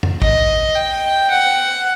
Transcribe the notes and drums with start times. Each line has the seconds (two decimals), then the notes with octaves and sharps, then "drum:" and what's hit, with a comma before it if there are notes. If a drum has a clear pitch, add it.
0.03 drum: tom
0.22 D#5, drum: kick
0.75 G5
1.31 F#5